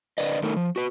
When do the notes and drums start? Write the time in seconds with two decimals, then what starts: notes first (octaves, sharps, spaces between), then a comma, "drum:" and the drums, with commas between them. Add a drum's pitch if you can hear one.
0.18 D3 B4 D5 D#5, drum: tambourine
0.43 D#3 A3 D#4 A4 A#4
0.56 F3
0.76 F#4 B4